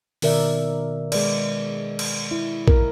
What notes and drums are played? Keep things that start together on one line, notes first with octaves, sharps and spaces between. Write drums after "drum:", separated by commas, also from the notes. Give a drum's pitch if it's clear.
B2 D#3 A#4 D5 E5, drum: open hi-hat
G#3 B4 D5, drum: cymbal
drum: cymbal
E4
A#4, drum: kick A#1